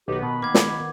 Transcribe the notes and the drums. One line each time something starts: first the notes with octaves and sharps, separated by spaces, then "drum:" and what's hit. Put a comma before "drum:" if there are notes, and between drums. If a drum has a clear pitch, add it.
B1 D#3 B3 G4
B2 B5
A#3 D6 G#6
drum: snare